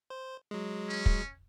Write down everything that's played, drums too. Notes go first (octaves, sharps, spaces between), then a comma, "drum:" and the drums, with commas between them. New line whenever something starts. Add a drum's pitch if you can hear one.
C5
F#3 G#3
C#4
drum: kick